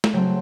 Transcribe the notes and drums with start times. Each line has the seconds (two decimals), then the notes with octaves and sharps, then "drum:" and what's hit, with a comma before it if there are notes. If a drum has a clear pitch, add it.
0.04 drum: snare
0.13 C#3 F#3 A3 C4 G5